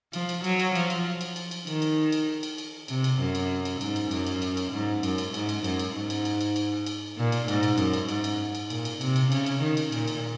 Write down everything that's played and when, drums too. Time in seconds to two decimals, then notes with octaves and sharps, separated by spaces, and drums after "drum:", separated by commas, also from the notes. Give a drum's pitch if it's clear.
0.13 F3, drum: cymbal
0.29 drum: cymbal
0.44 F#3, drum: cymbal
0.60 drum: cymbal
0.75 F3, drum: cymbal
0.90 drum: cymbal
1.21 drum: cymbal
1.36 drum: cymbal
1.51 drum: cymbal
1.67 D#3, drum: cymbal
1.82 drum: cymbal
2.12 drum: cymbal
2.43 drum: cymbal
2.58 drum: cymbal
2.88 C3, drum: cymbal
3.04 drum: cymbal
3.20 F#2
3.35 drum: cymbal
3.65 drum: cymbal
3.81 G#2, drum: cymbal
3.96 drum: cymbal
4.11 F#2, drum: cymbal
4.27 drum: cymbal
4.42 drum: cymbal
4.57 drum: cymbal
4.72 G#2
5.03 F#2, drum: cymbal
5.18 drum: cymbal
5.34 G#2, drum: cymbal
5.49 drum: cymbal
5.64 F#2, drum: cymbal
5.79 drum: cymbal
5.95 G#2
6.10 drum: cymbal
6.25 drum: cymbal
6.41 drum: cymbal
6.56 drum: cymbal
6.86 drum: cymbal
7.17 A#2
7.32 drum: cymbal
7.48 G#2, drum: cymbal
7.63 drum: cymbal
7.78 F#2, drum: cymbal
7.93 drum: cymbal
8.09 G#2, drum: cymbal
8.24 drum: cymbal
8.55 drum: cymbal
8.70 A#2, drum: cymbal
8.85 drum: cymbal
9.01 C3, drum: cymbal
9.16 drum: cymbal
9.32 C#3, drum: cymbal
9.46 drum: cymbal
9.62 D#3
9.77 drum: cymbal
9.92 A#2, drum: cymbal
10.08 drum: cymbal